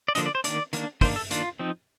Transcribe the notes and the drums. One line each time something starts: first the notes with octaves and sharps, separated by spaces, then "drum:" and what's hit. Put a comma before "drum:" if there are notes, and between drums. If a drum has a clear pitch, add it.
D5
D3 F3 A#3 D4 D#5, drum: hi-hat
D5
C5
D#3 A#3 D4 D5, drum: hi-hat
D#3 A#3 D4, drum: hi-hat
D#3 A#3 D4 C5, drum: kick, open hi-hat
A4
D#3 A#3 D4 F4, drum: hi-hat
F3 C4 D#4